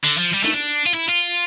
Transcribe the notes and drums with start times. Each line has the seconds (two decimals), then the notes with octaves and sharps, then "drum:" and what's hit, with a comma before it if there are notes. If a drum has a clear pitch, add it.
0.04 D3, drum: tambourine
0.18 F3
0.34 G3
0.44 A3, drum: hi-hat
0.54 D4
0.86 F4
0.94 E4
1.09 F4